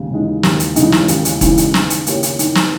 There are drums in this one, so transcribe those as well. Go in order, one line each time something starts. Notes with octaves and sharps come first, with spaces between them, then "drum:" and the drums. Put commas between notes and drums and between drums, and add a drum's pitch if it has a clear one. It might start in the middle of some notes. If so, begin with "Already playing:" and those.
Already playing: D#2 C#3 G#3
C#3 E3 G#3 D#4
D#2, drum: snare
drum: hi-hat
C#3 E3 G#3 D#4, drum: hi-hat
drum: snare
D#2, drum: hi-hat
drum: hi-hat
C#3 E3 G#3 D#4, drum: kick E1, hi-hat
drum: hi-hat
D#3, drum: snare
drum: hi-hat
A#3 C#4 G4 C#5, drum: hi-hat
drum: hi-hat
D#3, drum: hi-hat
drum: snare